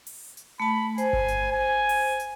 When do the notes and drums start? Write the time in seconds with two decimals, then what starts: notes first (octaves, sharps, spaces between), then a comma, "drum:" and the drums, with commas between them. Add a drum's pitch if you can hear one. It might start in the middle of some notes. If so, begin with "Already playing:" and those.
0.07 drum: open hi-hat
0.37 drum: hi-hat
0.60 A3 A5 B5
0.98 C5 G#5, drum: hi-hat
1.13 drum: kick G1
1.28 drum: hi-hat
1.53 G#5
1.89 drum: open hi-hat
2.20 drum: hi-hat